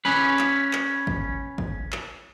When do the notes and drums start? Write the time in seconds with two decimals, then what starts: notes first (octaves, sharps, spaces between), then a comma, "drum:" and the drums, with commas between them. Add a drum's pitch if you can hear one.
0.05 C#4 B4
0.39 drum: clap
0.73 drum: clap
1.07 drum: kick G#1
1.58 drum: kick G#1
1.92 drum: clap